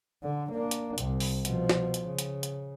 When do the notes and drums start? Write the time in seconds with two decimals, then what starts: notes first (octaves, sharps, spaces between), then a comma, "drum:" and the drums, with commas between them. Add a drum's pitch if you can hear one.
0.23 D3
0.51 A#3 D4
0.71 drum: hi-hat
0.98 C2 C3, drum: hi-hat
1.20 drum: open hi-hat
1.45 B2 F3, drum: hi-hat
1.69 drum: snare
1.94 drum: hi-hat
2.05 C#3
2.19 drum: hi-hat
2.43 drum: hi-hat